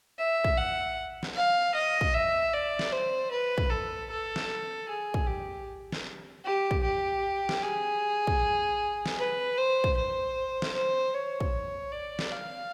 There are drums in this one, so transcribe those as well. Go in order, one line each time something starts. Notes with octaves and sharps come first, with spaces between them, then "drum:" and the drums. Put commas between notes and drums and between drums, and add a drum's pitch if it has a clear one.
E5
drum: kick
F#5
drum: snare
F5
D#5
drum: kick
E5
D5
drum: snare
C5
B4
drum: kick
A4
A4
drum: snare
G#4
drum: kick
G4
drum: snare
G4
drum: kick
G4
drum: snare
G#4
drum: kick
drum: snare
B4
C5
drum: kick
C5
drum: snare
C5
C#5
drum: kick
D5
drum: snare
F5